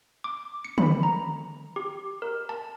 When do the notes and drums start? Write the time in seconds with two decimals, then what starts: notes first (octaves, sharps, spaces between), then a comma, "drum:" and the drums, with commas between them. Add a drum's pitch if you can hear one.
0.24 D6
0.65 C#7
0.78 B5, drum: tom D3
1.03 A#5
1.76 G4
2.22 A#4
2.49 A5